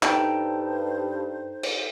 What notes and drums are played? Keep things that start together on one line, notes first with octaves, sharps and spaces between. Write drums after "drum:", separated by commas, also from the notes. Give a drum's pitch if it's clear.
G2 D#4 A4 C5 G5, drum: clap
drum: cymbal